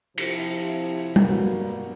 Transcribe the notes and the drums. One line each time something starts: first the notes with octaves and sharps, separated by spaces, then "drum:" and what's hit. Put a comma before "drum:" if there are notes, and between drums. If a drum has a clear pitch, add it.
C3 F3 E4, drum: cymbal
G2 B2 F#3 A#3 B3 F#4, drum: tom G3